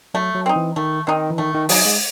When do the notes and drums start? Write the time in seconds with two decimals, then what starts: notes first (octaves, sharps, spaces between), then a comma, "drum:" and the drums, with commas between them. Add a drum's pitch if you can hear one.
0.14 F#3 A3
0.35 F#3
0.46 C4 D#4
0.56 E3
0.76 D#3 A3
1.07 D#3 C4 D#4
1.31 E3
1.38 D#3 A3
1.54 D#3
1.69 F#3 D#4 G#4, drum: open hi-hat
1.85 G#3